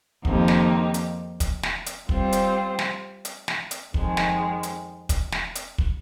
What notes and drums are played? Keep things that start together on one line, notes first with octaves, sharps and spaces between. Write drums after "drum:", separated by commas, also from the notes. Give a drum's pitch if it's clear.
F2 D#3 A#3 D#4 G4, drum: kick
drum: snare
drum: hi-hat
drum: kick, hi-hat
drum: snare
drum: hi-hat
G3 C4 F4 C5, drum: kick
drum: hi-hat
drum: snare
drum: hi-hat
drum: snare
drum: hi-hat
F2 D#3 G#3, drum: kick
drum: snare
drum: hi-hat
drum: kick, hi-hat
drum: snare
drum: hi-hat
drum: kick